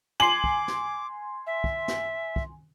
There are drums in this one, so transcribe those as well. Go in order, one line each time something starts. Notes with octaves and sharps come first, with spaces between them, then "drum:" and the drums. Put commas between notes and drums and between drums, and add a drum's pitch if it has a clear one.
G#5 C6 D6 F#7
drum: kick
drum: snare
E5
drum: kick
drum: snare
drum: kick